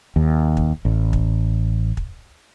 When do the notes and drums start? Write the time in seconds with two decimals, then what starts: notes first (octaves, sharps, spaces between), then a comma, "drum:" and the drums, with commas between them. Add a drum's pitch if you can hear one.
0.16 D#2
0.57 drum: kick
0.85 A1
1.13 drum: kick
1.97 drum: kick